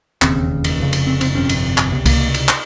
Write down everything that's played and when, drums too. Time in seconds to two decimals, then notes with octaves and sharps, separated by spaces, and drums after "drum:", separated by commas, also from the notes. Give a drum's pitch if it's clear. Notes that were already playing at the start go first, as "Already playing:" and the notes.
0.22 E1 D#2 C#3 C4, drum: clap
0.64 drum: cymbal
0.79 F1 F2 C#3
0.93 drum: cymbal
1.07 C4
1.21 C4, drum: cymbal
1.35 G1 F2 C3 C#4
1.49 drum: cymbal
1.78 drum: clap
1.92 C#2 C3 B3
2.06 A#3, drum: kick C2, cymbal
2.34 drum: cymbal
2.49 drum: clap